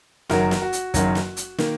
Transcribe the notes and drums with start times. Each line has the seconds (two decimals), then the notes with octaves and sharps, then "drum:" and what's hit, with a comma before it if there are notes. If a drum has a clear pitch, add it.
0.30 F#1 F#2 D#3 F#3 F#4 A#4, drum: snare
0.51 drum: snare
0.62 F#4
0.73 drum: hi-hat
0.94 F#1 F#2 D#3 F#3, drum: kick, hi-hat
1.15 drum: snare
1.37 drum: hi-hat
1.58 D#3 A#3, drum: snare